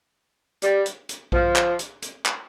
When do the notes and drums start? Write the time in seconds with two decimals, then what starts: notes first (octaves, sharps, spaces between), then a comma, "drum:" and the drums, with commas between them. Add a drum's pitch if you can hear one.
0.62 G3, drum: hi-hat
0.86 drum: hi-hat
1.09 drum: hi-hat
1.32 F3, drum: kick A#1
1.56 drum: clap
1.79 drum: hi-hat
2.02 drum: hi-hat
2.26 drum: clap